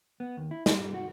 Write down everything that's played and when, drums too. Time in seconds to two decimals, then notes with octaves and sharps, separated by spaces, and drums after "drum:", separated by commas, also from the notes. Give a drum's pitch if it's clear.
0.20 B3
0.37 D#2
0.51 E4
0.66 G3, drum: snare
0.94 F#4